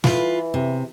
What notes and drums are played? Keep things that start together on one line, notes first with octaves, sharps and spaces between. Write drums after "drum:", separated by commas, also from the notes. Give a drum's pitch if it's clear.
E3 F4 B4, drum: snare
C3